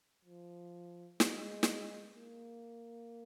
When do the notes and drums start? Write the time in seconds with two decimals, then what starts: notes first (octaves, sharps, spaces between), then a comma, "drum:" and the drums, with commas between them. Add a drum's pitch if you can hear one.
0.25 F3
1.20 G#3, drum: snare
1.63 drum: snare
2.15 A#3